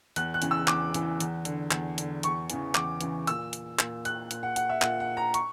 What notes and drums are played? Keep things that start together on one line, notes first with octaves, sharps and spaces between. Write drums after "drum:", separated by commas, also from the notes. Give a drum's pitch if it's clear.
E2 F#6, drum: hi-hat
F#6
C#3 E3, drum: hi-hat
E6
E2 D6, drum: clap
C#3 E3, drum: hi-hat
E2, drum: hi-hat
D3, drum: hi-hat
E2, drum: clap
D3, drum: hi-hat
E2 C#6, drum: hi-hat
C#3 E3, drum: hi-hat
E2 D6, drum: clap
C#3 E3, drum: hi-hat
A#2 E6, drum: hi-hat
drum: hi-hat
A#2, drum: clap
F#6, drum: hi-hat
A#2, drum: hi-hat
F#5
F#5, drum: hi-hat
E5
A#2 F#5, drum: clap
F#5
A#5
C#6, drum: hi-hat